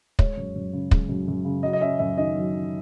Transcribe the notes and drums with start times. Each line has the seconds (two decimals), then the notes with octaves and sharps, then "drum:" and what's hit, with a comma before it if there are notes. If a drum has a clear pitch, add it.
0.19 G#3 C#5, drum: kick
0.37 F#2
0.56 F#2
0.73 C#3
0.91 G#3, drum: kick
1.09 F#2
1.28 F#2
1.45 C#3
1.63 F#3 D#5
1.73 D#5
1.81 C#4 E5
1.99 F#2 E5
2.18 D#3 D#5
2.35 F#3
2.54 C#4